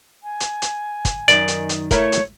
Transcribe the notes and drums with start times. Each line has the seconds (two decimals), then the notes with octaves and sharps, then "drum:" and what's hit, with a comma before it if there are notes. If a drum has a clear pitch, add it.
0.23 G#5
0.40 drum: hi-hat
0.62 drum: hi-hat
1.05 drum: kick, hi-hat
1.28 F#2 D#3 D5, drum: hi-hat
1.48 drum: hi-hat
1.69 drum: hi-hat
1.91 A3 E4 A#4 C#5, drum: kick, hi-hat
2.12 drum: hi-hat